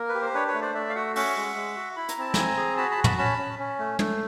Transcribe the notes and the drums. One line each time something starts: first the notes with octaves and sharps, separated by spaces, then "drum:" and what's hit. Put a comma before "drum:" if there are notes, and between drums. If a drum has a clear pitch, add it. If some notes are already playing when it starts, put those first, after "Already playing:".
Already playing: A#3 A#4
B4
G4
C5
D4 B4 C#5
B4 C#5
A3
C5 D5
A3 D5 E5
F5
F#4 E5 F#5
C#4 E5 F#5, drum: open hi-hat
G#3
G#3
F#4
E4 B5
A#5, drum: hi-hat
C4 A5
C4 G#5 A#5, drum: snare
G#4
F#4 A5 B5
A5 B5
F#4
A5 B5, drum: tom
C#4 A5 B5
C#4
C#4
A3
A3, drum: tom